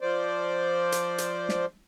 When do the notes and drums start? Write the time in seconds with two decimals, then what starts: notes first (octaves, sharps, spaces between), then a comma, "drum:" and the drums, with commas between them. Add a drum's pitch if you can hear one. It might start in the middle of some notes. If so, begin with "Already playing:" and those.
0.01 F3 C5 D5
0.92 drum: hi-hat
1.18 drum: hi-hat
1.49 drum: snare